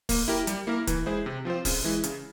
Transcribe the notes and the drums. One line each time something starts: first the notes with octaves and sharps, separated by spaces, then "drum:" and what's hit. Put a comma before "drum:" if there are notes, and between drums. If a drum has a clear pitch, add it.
A#3, drum: kick, open hi-hat
E4 G4 A#4
G3, drum: hi-hat
A#3 E4 A#4
E3, drum: kick, hi-hat
G#3 E4 G#4 C5
C3
F3 C4 F4 C5
C#3, drum: kick, open hi-hat
E3 G#3 E4
C#3, drum: hi-hat